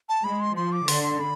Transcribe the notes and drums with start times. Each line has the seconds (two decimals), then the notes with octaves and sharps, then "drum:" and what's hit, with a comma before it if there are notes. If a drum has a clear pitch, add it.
0.09 A5
0.24 G#3 B5
0.41 C6
0.57 F3 C6
0.72 D6
0.88 D3 C6, drum: open hi-hat
1.04 C6
1.20 B5